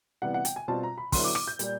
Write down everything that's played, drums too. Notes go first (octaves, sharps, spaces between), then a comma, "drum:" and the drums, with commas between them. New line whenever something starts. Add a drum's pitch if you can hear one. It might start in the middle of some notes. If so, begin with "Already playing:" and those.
C3 E3 G3 B3 F#5
F#5
G5, drum: hi-hat
G#5
B2 G3 C4 F4 A5
A#5
B5
D3 F#3 B3 E4 C6, drum: kick, open hi-hat
D6
D6, drum: rim click
G6
A#2 G3, drum: hi-hat